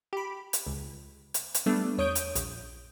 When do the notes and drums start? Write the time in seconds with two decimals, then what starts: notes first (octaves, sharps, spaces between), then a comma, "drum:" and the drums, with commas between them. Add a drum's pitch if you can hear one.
0.13 G4 B5
0.53 drum: hi-hat
0.67 C#2
1.34 drum: hi-hat
1.55 drum: hi-hat
1.66 G3 A3 B3 D4
1.98 E2 C#5 D#6 G6 D7
2.15 drum: hi-hat
2.35 A#1, drum: hi-hat